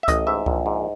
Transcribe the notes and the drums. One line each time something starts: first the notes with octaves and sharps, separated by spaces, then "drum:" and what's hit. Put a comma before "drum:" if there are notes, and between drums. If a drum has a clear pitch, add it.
E5
A1 D#5, drum: kick C#2, hi-hat
G#2 E5
A#1, drum: kick C#2
G#2